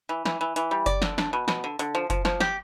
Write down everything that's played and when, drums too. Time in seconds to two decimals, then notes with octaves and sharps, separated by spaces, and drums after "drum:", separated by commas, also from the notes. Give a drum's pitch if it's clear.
0.09 E3
0.25 E3, drum: snare
0.41 E3
0.56 E3, drum: hi-hat
0.71 G3
0.86 D5, drum: kick F#1, hi-hat
1.02 D3, drum: snare
1.18 D4, drum: snare
1.33 B2
1.48 B2, drum: snare
1.64 D3
1.79 D3, drum: hi-hat
1.95 F3
2.10 F3, drum: kick F#1, hi-hat
2.25 F3, drum: snare
2.40 G4, drum: snare